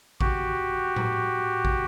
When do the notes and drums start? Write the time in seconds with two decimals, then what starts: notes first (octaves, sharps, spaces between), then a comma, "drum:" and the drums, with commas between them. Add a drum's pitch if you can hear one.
0.21 F#4 G4, drum: kick A1
0.96 drum: tom A2
1.65 drum: kick A1